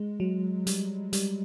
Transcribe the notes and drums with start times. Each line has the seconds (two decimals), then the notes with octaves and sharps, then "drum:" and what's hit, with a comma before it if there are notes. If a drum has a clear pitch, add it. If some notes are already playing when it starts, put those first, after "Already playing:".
Already playing: G#3
0.20 F#3
0.67 G3, drum: hi-hat
1.13 G3, drum: hi-hat